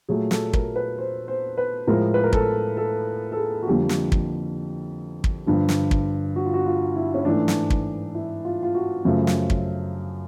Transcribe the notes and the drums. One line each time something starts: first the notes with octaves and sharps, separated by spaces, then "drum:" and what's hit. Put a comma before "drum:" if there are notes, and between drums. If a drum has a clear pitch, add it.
A#2 F#3 A3 G#4
A4, drum: snare
A#4, drum: kick
B4
C5
C5
B4
A2 F3 G#3 A#4
B4
A#4
A4, drum: kick
A4
A4
G#4
F#4
F2 D3 G3 A#3 G4
drum: snare
drum: kick
drum: kick
G2 D3 F3
drum: snare
drum: kick
F#4
F4
F#4
F4
E4
C#4
G#2 E3 A3 D4
drum: snare
drum: kick
E4
F4
F4
F#4
F#2 C#3 F3 A3
drum: snare
drum: kick